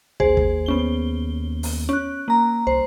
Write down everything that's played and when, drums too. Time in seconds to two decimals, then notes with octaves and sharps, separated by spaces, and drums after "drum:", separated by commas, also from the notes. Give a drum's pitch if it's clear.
0.20 D#2 G#4 C5, drum: kick
0.37 drum: kick
0.66 B3 C#4 G7
1.63 drum: open hi-hat
1.89 C#4 F#6
2.28 A#3 A#5
2.67 C2 C5